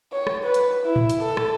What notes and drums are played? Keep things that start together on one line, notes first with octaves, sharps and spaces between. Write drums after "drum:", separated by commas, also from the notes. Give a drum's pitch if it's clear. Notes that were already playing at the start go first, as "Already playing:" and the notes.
C#5
drum: rim click
B4
drum: hi-hat
E4
drum: tom A2
drum: hi-hat
A4
drum: rim click